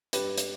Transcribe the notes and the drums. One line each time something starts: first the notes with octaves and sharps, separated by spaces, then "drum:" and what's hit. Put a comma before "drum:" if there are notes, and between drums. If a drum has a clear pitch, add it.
G2 G4 B4, drum: hi-hat
drum: hi-hat